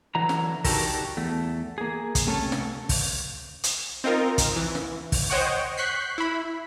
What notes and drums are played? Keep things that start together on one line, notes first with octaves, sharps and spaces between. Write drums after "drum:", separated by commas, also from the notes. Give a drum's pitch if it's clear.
D3 E3 F#3 A#5
drum: snare
D4 D#4 F#4 G4 A4 A#4, drum: kick, open hi-hat
E2 A3
A#3 G#4
drum: kick, hi-hat
C3 A3 C#4 A4
drum: snare
drum: kick, open hi-hat
drum: hi-hat
C4 D#4 F4 A#4
drum: kick, hi-hat
E3
drum: snare
drum: kick, open hi-hat
C5 C#5 D#5 F#5 G5 C#6
C#6 F#6 G6 B6 C7
E4 B5